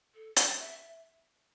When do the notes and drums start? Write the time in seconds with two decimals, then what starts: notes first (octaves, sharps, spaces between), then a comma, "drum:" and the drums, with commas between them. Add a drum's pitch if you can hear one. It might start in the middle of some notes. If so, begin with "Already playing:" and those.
0.14 A4
0.36 F#5, drum: hi-hat
0.59 E5